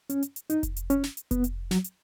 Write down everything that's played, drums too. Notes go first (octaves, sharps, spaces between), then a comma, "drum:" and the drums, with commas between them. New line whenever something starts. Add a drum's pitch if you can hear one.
C#4, drum: hi-hat
drum: hi-hat
drum: hi-hat
D#4, drum: hi-hat
drum: kick F1, hi-hat
drum: hi-hat
C#4, drum: hi-hat
drum: snare
drum: hi-hat
B3, drum: kick F1, hi-hat
drum: hi-hat
F#3, drum: snare
drum: hi-hat